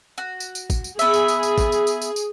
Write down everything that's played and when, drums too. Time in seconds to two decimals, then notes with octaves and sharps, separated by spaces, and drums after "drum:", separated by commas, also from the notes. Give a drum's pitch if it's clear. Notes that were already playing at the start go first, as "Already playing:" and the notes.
0.18 F#4
0.40 drum: tambourine
0.55 drum: tambourine
0.70 drum: kick, tambourine
0.84 drum: tambourine
0.99 B3 G#4 E5, drum: tambourine
1.14 drum: tambourine
1.28 drum: tambourine
1.43 drum: tambourine
1.58 drum: kick, tambourine
1.72 drum: tambourine
1.87 drum: tambourine
2.02 drum: tambourine
2.16 drum: tambourine